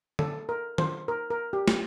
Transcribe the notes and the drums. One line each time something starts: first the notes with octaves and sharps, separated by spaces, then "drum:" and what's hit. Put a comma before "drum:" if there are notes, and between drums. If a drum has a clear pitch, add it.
A4, drum: tom D3
A#4
C5, drum: tom
A#4
A#4
G4
drum: snare